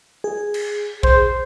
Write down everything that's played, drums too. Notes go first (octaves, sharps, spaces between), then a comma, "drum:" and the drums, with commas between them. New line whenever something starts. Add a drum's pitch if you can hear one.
G#4
drum: cymbal
C5, drum: kick A#1